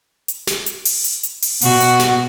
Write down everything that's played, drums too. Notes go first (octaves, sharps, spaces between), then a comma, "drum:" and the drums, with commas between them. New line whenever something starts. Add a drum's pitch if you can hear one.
drum: hi-hat
drum: snare
drum: hi-hat
drum: open hi-hat
drum: hi-hat
drum: hi-hat
drum: open hi-hat
B2 F#4, drum: open hi-hat
drum: hi-hat
drum: snare